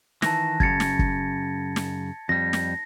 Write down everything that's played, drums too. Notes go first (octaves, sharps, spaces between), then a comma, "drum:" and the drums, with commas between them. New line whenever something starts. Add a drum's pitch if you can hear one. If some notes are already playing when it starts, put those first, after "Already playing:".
D#3 E3 A5 A#6, drum: snare
F#2 C#3 G#6 A6 C#7, drum: kick
drum: snare
drum: kick
drum: snare
F2 G3 A#6
drum: snare